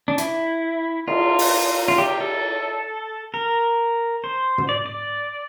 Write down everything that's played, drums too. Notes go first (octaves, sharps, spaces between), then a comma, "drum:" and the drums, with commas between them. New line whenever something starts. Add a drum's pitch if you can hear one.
D4
E4, drum: hi-hat
F4, drum: cymbal
drum: open hi-hat
F4
G4
A4
A#4
C5
drum: tom
D5
D5